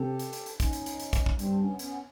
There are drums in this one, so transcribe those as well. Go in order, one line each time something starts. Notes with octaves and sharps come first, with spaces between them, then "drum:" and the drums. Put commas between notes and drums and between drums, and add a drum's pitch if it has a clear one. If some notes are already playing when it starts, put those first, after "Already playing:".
Already playing: C3 G4 A4
drum: hi-hat
drum: hi-hat
drum: hi-hat
C#4 D#4, drum: kick, hi-hat
drum: hi-hat
drum: hi-hat
drum: hi-hat
drum: kick, hi-hat
drum: kick
G2 C4 D4, drum: hi-hat
B3 C#4
B3 C#4, drum: hi-hat